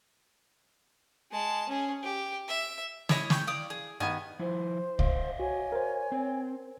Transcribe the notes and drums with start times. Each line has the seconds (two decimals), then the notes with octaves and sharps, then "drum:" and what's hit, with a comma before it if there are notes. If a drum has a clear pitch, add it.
1.32 G#3 A5
1.69 C#4 G#4
2.03 G4
2.48 E5
3.09 E4 C#5 D#5 E5, drum: snare
3.30 G5 C#6 G6, drum: snare
3.47 D5 F5 D#6
3.70 G#4
4.00 G2 D#3 B3 G#5
4.39 F3 E4 C5
4.99 D5 D#5 F5, drum: kick C2
5.40 F#4 C#5 G#5
5.72 A#4 C5
6.12 C4